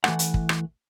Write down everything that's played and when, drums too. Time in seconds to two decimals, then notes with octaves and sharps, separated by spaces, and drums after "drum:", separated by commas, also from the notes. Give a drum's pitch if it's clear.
0.04 E3 A3 F#5, drum: rim click
0.19 drum: hi-hat
0.34 drum: kick
0.49 drum: rim click